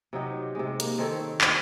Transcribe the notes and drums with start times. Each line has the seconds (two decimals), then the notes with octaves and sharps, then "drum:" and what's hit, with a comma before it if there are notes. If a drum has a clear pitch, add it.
0.13 C3 F#3 D#4 G4
0.55 C3 G#3
0.80 A#3, drum: hi-hat
0.98 D#3 C4 A4 C#5
1.41 drum: clap